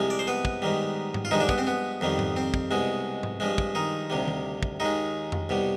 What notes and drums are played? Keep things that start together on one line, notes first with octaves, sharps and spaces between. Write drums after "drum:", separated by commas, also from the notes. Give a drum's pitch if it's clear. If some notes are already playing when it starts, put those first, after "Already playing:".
Already playing: C2 C3 F3 G#3
D5
C5
B3 B4
drum: kick
G#2 D#3 G3
drum: tom G#2
F4
G2 D#3 F3 G#3 D#4
D3 D4
B3, drum: kick
C4
B3
F2 D#3 G3
drum: tom G#2
C4
drum: kick
C2 B2 G#3
drum: tom G#2
G2 F3 G#3
drum: kick
D#3 D#4
D2 C3 G3
drum: tom D#3
drum: kick
D#2 D#3 G#3 D#4
drum: tom F2
C2 B2 G3